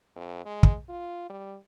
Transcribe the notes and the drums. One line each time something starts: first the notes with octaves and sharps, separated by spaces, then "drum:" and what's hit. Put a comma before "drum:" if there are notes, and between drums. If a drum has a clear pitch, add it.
F2
G#3
drum: kick
F4
G3